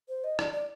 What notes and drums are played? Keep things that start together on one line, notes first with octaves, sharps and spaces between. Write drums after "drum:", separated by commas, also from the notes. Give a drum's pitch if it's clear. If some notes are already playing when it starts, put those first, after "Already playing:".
C5
D#5
D5, drum: rim click
D5